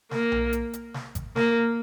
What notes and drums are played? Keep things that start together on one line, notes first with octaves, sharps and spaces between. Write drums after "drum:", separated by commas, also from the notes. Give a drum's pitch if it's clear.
A#3, drum: snare
drum: tom B1
drum: hi-hat
drum: hi-hat
drum: snare
drum: kick G#1, hi-hat
A#3, drum: snare